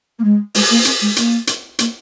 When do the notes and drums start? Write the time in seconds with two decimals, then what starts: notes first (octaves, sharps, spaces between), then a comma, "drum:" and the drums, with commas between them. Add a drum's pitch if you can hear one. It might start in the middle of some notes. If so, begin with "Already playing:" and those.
0.18 A#3
0.24 G#3
0.55 G#3, drum: open hi-hat
0.69 A#3
0.85 C4, drum: hi-hat
1.01 G#3
1.16 A#3, drum: hi-hat
1.47 drum: hi-hat
1.79 A#3, drum: hi-hat